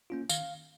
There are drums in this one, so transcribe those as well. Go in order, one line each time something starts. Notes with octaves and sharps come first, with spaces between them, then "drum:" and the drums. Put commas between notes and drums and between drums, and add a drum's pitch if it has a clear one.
A#3 C#4 F4
D#3 F5, drum: tambourine